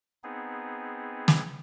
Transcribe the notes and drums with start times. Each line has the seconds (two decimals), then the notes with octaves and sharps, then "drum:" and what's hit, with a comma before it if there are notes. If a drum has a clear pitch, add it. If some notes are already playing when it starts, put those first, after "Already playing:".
0.24 B3 C4 D#4 G#4
1.28 drum: snare